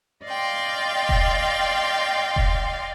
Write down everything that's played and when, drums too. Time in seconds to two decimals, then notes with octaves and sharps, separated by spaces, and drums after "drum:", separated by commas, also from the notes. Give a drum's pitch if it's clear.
0.24 D5 D#5 F5 G5 C6
1.09 drum: kick E1
2.36 drum: kick E1